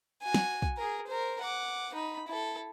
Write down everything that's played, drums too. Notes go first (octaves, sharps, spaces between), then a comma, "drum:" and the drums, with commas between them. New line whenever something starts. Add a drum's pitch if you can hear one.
F#4 G#5
drum: snare
drum: kick
G#4 A#4
A#4 C5
F#5 D6
D#4 B5
E4 A4